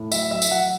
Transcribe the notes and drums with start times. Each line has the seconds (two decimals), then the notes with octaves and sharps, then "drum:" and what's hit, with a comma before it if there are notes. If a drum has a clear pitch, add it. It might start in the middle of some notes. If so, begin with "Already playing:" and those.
Already playing: A2
0.12 F#3 E5, drum: tambourine
0.31 F#3 E5
0.42 drum: tambourine
0.51 F#3 F#5